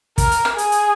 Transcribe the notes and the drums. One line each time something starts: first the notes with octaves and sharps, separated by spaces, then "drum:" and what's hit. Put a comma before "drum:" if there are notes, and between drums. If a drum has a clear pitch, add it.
A#4, drum: kick, hi-hat
drum: hi-hat
drum: rim click
G#4, drum: hi-hat
drum: hi-hat